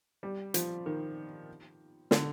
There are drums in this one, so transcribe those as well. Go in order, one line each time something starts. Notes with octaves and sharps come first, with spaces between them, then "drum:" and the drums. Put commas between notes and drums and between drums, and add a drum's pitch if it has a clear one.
G3
F3, drum: hi-hat
D#3
D3, drum: snare